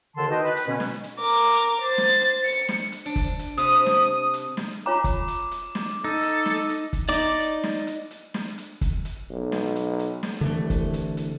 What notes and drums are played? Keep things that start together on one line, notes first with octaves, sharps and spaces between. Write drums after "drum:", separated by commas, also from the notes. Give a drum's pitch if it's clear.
D#2 D3 D#3 A5 C6
D#4 F#4 B4 D#5 G5 A5
B4
drum: hi-hat
B2 D3 C#4
drum: snare
drum: hi-hat
A#4 D6
drum: hi-hat
C5 A6
drum: snare
drum: hi-hat
C#7, drum: hi-hat
drum: snare
drum: hi-hat
D4
drum: kick, hi-hat
drum: hi-hat
C3 D#6
drum: snare
drum: hi-hat
drum: snare
F4 C#5 A#5 D6
drum: kick, hi-hat
drum: hi-hat
drum: hi-hat
drum: snare
D#4 A4
drum: hi-hat
drum: snare
drum: hi-hat
drum: kick, hi-hat
D#4 D5 D6
drum: hi-hat
drum: snare
drum: hi-hat
drum: hi-hat
drum: snare
drum: hi-hat
drum: kick, hi-hat
drum: hi-hat
B1
drum: snare
drum: hi-hat
drum: hi-hat
drum: snare
C2 D3 E3 A3
drum: kick, hi-hat
drum: hi-hat
drum: hi-hat